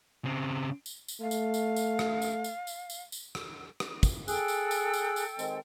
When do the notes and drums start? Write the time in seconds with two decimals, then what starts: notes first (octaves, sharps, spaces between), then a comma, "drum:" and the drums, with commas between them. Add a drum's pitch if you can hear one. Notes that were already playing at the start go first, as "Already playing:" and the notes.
0.25 C#3 C4
0.86 drum: tambourine
1.08 drum: tambourine
1.21 A3 F5
1.31 drum: tambourine
1.54 drum: tambourine
1.76 drum: tambourine
1.99 drum: rim click
2.22 drum: tambourine
2.44 drum: tambourine
2.67 drum: tambourine
2.90 drum: tambourine
3.12 drum: tambourine
3.35 drum: rim click
3.80 drum: rim click
4.03 drum: kick, tambourine
4.28 G#4 A4 G5 E6 F#6, drum: tambourine
4.48 drum: tambourine
4.71 drum: tambourine
4.94 drum: tambourine
5.16 drum: tambourine
5.39 D#3 G#3 C4, drum: tambourine